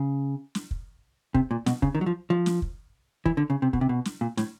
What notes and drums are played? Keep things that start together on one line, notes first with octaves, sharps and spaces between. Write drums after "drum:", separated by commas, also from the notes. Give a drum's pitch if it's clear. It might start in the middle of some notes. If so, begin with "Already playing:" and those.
Already playing: C#3
drum: snare
drum: kick
C3, drum: kick
A#2
B2, drum: snare
C#3, drum: kick
D#3
F#3
F3
F3
drum: snare
drum: kick
E3, drum: kick
D3
C#3
C3
B2, drum: kick
C3
B2
drum: snare
A#2
A2, drum: snare